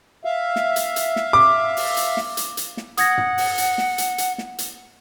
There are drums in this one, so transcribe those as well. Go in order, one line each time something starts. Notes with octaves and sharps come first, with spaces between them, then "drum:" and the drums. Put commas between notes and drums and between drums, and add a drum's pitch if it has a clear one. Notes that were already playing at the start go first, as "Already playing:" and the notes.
E5 F5
drum: snare
drum: hi-hat
drum: hi-hat
drum: snare
D6
drum: open hi-hat
drum: hi-hat
drum: snare
drum: hi-hat
drum: hi-hat
drum: snare
F#5 D#6 G#6 A#6, drum: hi-hat
drum: tom
drum: open hi-hat
drum: hi-hat
drum: snare
drum: hi-hat
drum: hi-hat
drum: snare
drum: hi-hat